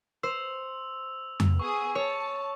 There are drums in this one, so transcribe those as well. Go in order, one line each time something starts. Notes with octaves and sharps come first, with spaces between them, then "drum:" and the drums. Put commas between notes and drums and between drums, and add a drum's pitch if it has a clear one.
C5 E6 F7
drum: tom F2
B3 G#4 C#6 D#6
C#5 A5